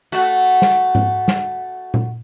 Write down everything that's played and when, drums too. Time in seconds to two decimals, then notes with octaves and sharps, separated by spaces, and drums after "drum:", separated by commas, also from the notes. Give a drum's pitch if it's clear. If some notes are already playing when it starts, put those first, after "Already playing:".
0.12 A3 F#4
0.62 drum: snare
0.95 drum: tom G#2
1.28 drum: snare
1.94 drum: tom A#2